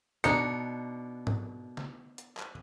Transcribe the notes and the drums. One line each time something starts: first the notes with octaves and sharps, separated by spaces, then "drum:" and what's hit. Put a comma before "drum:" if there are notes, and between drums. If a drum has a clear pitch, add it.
B2 D4 D#4 D#5 C#7, drum: hi-hat
drum: tom G#2
drum: snare
drum: hi-hat
drum: clap